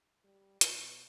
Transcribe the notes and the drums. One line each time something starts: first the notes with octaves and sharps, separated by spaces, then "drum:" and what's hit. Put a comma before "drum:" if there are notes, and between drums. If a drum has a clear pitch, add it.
G3
B2, drum: hi-hat